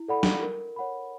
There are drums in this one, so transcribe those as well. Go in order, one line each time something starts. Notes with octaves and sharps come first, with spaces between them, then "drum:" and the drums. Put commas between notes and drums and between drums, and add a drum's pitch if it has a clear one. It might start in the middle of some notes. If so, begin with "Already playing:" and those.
Already playing: E4
A4 D5 F#5 B5
drum: snare
A#4
C#5 F#5 B5